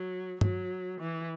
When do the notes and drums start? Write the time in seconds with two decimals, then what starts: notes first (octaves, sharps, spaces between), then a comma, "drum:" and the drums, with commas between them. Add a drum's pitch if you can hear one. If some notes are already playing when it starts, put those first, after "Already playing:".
Already playing: F#3
0.41 F#3, drum: tom
1.00 E3